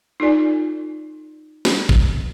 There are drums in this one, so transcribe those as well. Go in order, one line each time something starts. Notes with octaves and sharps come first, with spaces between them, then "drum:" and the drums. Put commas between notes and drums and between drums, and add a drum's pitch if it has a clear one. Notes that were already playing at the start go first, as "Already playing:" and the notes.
D#4 F4 A4 D5 G#5
drum: snare
drum: kick